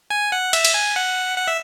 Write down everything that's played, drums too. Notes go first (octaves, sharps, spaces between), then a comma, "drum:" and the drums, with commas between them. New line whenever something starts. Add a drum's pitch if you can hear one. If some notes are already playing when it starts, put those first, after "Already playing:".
G#5
F#5
E5, drum: cymbal
drum: cymbal
G#5
F#5
F#5
E5